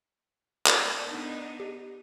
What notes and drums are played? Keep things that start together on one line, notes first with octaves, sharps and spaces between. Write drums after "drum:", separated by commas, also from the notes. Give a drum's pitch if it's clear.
A#4 D5, drum: clap
B3 D4 D#4
G4